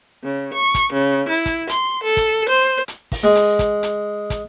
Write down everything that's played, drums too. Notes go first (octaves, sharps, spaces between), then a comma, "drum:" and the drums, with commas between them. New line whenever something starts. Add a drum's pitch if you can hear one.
C#3
C#6
drum: kick, hi-hat
C#3
E4
drum: kick, hi-hat
C6, drum: hi-hat
A4
drum: kick, hi-hat
C5
drum: hi-hat
drum: kick, open hi-hat
G#3
drum: hi-hat
drum: kick, hi-hat
drum: hi-hat
drum: kick, hi-hat